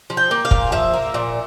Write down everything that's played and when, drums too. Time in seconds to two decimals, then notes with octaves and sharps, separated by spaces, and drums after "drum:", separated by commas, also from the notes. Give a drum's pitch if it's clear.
0.10 F3
0.17 G5
0.31 A#3
0.45 F5
0.51 A#2, drum: kick
0.72 F3 E5
0.94 A#3
1.14 A#2